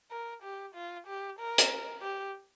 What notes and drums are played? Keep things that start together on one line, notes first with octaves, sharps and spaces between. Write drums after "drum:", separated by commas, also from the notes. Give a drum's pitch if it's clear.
A#4
G4
F4
G4
A#4
drum: hi-hat
G4